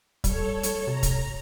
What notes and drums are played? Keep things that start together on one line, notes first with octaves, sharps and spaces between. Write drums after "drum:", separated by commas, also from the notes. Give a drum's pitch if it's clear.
G3 A4 C#5, drum: kick, hi-hat
drum: hi-hat
C3 A#5
drum: kick, hi-hat